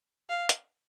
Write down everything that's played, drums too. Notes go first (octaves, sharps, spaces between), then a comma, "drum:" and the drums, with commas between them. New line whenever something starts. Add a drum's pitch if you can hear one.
F5
drum: hi-hat